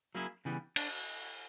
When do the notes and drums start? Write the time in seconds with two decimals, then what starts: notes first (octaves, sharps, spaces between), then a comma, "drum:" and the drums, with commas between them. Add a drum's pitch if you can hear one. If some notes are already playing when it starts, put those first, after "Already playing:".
0.15 F#3 A#3 C#4 E4 G#4
0.45 C#3 E3 G3 B3
0.76 D4, drum: cymbal